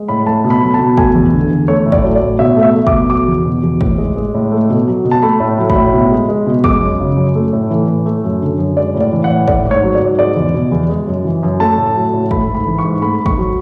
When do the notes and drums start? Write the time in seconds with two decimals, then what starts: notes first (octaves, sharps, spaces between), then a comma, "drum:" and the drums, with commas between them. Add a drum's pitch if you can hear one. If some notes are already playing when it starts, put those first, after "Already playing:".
Already playing: G#3
0.08 A2 B5
0.26 A3 A5
0.44 B2
0.50 B5
0.62 F#3
0.74 A5
0.80 B2
0.97 A3 G#5, drum: kick
1.15 E2
1.33 D3
1.51 E2
1.68 A3 C#5
1.86 A2
1.92 D5, drum: kick
2.04 F#3
2.15 D5
2.21 A2
2.39 B2 E5
2.57 A3
2.63 E5
2.75 A3
2.87 D6, drum: kick
2.92 B2
3.10 F#3 D6
3.28 E2
3.45 B2
3.63 E2
3.81 A2, drum: kick
3.98 G#3
4.16 G#3
4.34 A2
4.52 A3
4.69 B2
4.87 F#3
5.05 B2
5.11 A5
5.22 A3 B5
5.40 A2
5.58 F#3
5.70 B5, drum: kick
5.76 A2
5.93 B2
6.11 G#3
6.29 G#3
6.47 B2
6.64 G#3 D6, drum: kick
6.82 F#2
7.00 C#3
7.17 F#2
7.35 A3
7.53 A2
7.70 E3
7.88 A2
8.06 A3
8.24 F#2
8.41 D3
8.59 F#2
8.77 G#3 D5
8.94 A2
9.01 D5
9.12 E3
9.24 F#5
9.30 A2
9.48 A3 D5, drum: kick
9.65 G#2
9.71 C#5
9.83 F#3
9.95 D5
10.01 G#2
10.19 G#3 D5
10.36 E2
10.54 B2
10.72 E2
10.89 G#3
11.07 F#2
11.24 E3
11.43 F#2
11.60 A3 A5
11.78 A2
11.96 F#3
12.13 A2
12.31 A3 B5, drum: kick
12.49 G#2
12.55 B5
12.66 E3
12.78 C#6
12.84 G#2
13.02 A3 B5
13.20 G#2
13.26 C#6, drum: kick
13.37 F#3